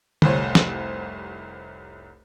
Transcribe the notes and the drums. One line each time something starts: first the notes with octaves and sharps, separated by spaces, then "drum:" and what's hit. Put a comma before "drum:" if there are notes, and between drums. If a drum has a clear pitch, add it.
F1 C2 C5 C#5, drum: tom D3
drum: snare